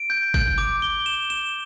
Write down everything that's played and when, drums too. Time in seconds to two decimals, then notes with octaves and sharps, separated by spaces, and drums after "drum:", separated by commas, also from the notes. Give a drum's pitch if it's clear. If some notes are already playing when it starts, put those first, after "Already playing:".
Already playing: D7
0.10 G6
0.34 G6, drum: kick G1
0.58 D6
0.82 G7
1.06 E7
1.30 E7